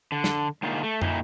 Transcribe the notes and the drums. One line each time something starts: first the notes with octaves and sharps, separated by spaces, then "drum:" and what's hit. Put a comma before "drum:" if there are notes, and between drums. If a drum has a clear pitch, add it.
D3
drum: snare
G#2 D3 A#3 D#4 F4
A3
A#2 D#4 E4, drum: tom